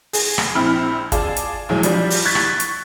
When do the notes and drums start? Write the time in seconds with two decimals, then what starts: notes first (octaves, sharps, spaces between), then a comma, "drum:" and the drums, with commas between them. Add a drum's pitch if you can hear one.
0.13 G#4, drum: open hi-hat
0.38 drum: rim click
0.55 A#1 C4 E4 B5 F6
1.12 F4 G#4 D5 A5, drum: kick, hi-hat
1.36 drum: hi-hat
1.69 B1 E2 F#3 G#3
1.83 F3 G3 D4, drum: hi-hat
2.10 drum: open hi-hat
2.25 C#6 F#6 G#6 A6 B6
2.35 drum: rim click
2.60 drum: hi-hat